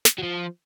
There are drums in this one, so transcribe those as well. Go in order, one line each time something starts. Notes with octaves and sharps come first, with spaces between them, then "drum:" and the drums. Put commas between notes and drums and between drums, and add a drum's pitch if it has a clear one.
drum: snare
F#3
F3